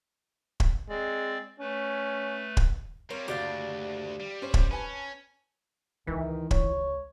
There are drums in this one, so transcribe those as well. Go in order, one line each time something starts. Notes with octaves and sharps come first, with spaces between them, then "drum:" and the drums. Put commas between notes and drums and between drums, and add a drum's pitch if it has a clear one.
drum: kick
G#3 C4 D5
A3 C#4 B4
drum: kick
G3 C4 C#4 A#4 F5
F#1 D2 F#4 G4 D5 F5
G3
C#4 C5
drum: kick
C#4 B4 G#5 A5
C#2 D#3 E3
C#2 C#5, drum: kick